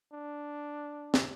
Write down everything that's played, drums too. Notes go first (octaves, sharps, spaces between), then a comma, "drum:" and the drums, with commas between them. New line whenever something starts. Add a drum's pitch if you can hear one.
D4
drum: snare